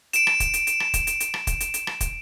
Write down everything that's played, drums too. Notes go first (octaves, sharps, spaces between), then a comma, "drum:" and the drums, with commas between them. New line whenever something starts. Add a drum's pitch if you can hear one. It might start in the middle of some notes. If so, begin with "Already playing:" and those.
D7 E7, drum: hi-hat
drum: rim click
drum: kick, hi-hat
drum: hi-hat
drum: hi-hat
drum: rim click
drum: kick, hi-hat
drum: hi-hat
drum: hi-hat
drum: rim click
drum: kick, hi-hat
drum: hi-hat
drum: hi-hat
drum: rim click
drum: kick, hi-hat